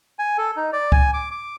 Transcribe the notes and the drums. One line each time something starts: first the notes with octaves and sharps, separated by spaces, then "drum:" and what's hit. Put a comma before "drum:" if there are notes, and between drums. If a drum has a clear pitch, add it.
G#5
A4
D#4
D5
G#5, drum: kick
D6
D6